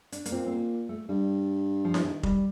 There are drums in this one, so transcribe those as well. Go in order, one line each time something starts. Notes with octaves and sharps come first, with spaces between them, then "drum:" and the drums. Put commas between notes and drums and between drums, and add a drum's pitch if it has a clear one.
D4, drum: hi-hat
A#3, drum: hi-hat
A#2 C4
C4
A#3
A3
G2 G3
F3
drum: snare E4
D#3
G3, drum: kick F1